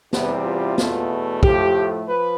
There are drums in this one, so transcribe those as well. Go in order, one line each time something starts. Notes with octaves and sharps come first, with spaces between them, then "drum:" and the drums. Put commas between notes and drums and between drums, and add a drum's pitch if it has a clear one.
E2 C3 E3 G3 B3, drum: snare
F4
E2 B2 A3, drum: snare
A2 F3 A3 G4, drum: kick
F3 B4